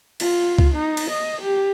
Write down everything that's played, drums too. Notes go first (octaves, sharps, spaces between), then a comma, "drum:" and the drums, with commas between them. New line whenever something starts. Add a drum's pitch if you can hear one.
F4, drum: cymbal
drum: kick C#2
D#4
drum: cymbal
D#5
G4